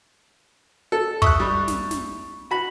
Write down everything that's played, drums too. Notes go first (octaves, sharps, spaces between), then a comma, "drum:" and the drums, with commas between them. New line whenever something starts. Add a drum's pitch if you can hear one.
A4
E5 C#6 D#6 F#6, drum: kick
G3
drum: snare
drum: snare
F#4 B5